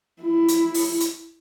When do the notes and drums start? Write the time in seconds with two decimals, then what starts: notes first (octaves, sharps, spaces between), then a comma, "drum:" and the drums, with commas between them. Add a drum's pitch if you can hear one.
0.22 E4
0.48 drum: hi-hat
0.74 drum: open hi-hat
1.00 drum: hi-hat